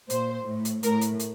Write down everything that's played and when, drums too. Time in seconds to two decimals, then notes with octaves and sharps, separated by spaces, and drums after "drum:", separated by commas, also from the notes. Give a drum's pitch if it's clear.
0.10 A#2 C5, drum: hi-hat
0.47 A2
0.65 drum: hi-hat
0.83 A2 A#4, drum: hi-hat
1.01 drum: hi-hat
1.19 drum: hi-hat